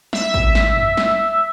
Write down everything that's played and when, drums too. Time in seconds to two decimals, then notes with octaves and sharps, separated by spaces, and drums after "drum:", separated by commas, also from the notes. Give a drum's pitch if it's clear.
0.13 E5, drum: snare
0.34 drum: kick
0.55 drum: snare
0.76 drum: tom F2
0.97 drum: snare